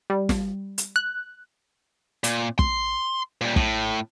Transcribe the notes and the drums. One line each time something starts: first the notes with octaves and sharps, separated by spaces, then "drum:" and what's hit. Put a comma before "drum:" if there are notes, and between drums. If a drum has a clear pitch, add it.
G3
drum: snare
drum: hi-hat
F#6
A#2, drum: hi-hat
C6, drum: kick
A#2 G3
A2, drum: kick